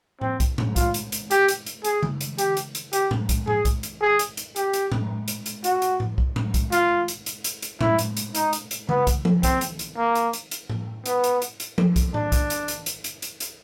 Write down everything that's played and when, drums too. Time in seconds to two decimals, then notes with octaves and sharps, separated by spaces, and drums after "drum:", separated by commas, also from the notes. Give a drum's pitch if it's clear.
0.21 C4, drum: tom A2
0.40 drum: kick, hi-hat
0.58 drum: tom A2
0.76 F4, drum: kick, hi-hat
0.94 drum: hi-hat
1.12 drum: hi-hat
1.31 G4, drum: hi-hat
1.48 drum: hi-hat
1.66 drum: hi-hat
1.84 G#4, drum: hi-hat
2.03 drum: tom C#3
2.21 drum: hi-hat
2.38 G4, drum: hi-hat
2.57 drum: hi-hat
2.75 drum: hi-hat
2.93 G4, drum: hi-hat
3.11 drum: tom A2
3.29 drum: kick, hi-hat
3.47 G#4, drum: tom A2
3.65 drum: kick, hi-hat
3.83 drum: hi-hat
4.02 G#4
4.19 drum: hi-hat
4.37 drum: hi-hat
4.56 G4, drum: hi-hat
4.73 drum: hi-hat
4.92 drum: tom A2
5.28 drum: hi-hat
5.46 drum: hi-hat
5.64 F#4, drum: hi-hat
5.82 drum: hi-hat
6.00 drum: tom A2
6.18 drum: kick
6.36 drum: tom A2
6.54 drum: kick, hi-hat
6.72 F4, drum: hi-hat
7.08 drum: hi-hat
7.26 drum: hi-hat
7.44 drum: hi-hat
7.62 drum: hi-hat
7.81 E4, drum: tom A2
7.99 drum: hi-hat
8.17 drum: hi-hat
8.35 D#4, drum: hi-hat
8.53 drum: hi-hat
8.71 drum: hi-hat
8.89 B3, drum: tom C#3
9.07 drum: kick, hi-hat
9.25 drum: tom F3
9.43 C4, drum: kick, hi-hat
9.61 drum: hi-hat
9.79 drum: hi-hat
9.97 A#3
10.15 drum: hi-hat
10.33 drum: hi-hat
10.51 drum: hi-hat
10.70 drum: tom A2
11.06 B3, drum: hi-hat
11.24 drum: hi-hat
11.42 drum: hi-hat
11.60 drum: hi-hat
11.78 drum: tom F3
11.96 drum: kick, hi-hat
12.14 D4, drum: tom A2
12.32 drum: kick, hi-hat
12.50 drum: hi-hat
12.68 drum: hi-hat
12.86 drum: hi-hat
13.04 drum: hi-hat
13.22 drum: hi-hat
13.40 drum: hi-hat